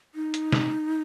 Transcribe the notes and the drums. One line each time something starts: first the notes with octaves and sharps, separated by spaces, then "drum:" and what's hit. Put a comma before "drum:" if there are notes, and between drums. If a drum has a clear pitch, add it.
D#4
drum: hi-hat
drum: snare